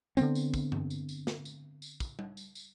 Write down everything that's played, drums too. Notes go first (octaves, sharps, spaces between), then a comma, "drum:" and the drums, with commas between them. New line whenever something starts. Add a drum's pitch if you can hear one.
D3 E3 B3 C4, drum: tambourine
drum: tambourine
drum: kick, tambourine
drum: tom G2
drum: tambourine
drum: tambourine
drum: snare
drum: tambourine
drum: tambourine
drum: kick, tambourine
drum: tom G3
drum: tambourine
drum: tambourine